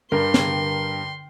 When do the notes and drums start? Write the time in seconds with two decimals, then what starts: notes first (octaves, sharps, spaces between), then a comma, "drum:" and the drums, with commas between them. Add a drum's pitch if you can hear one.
0.12 G2 D3 A#4 G5 C6
0.34 drum: snare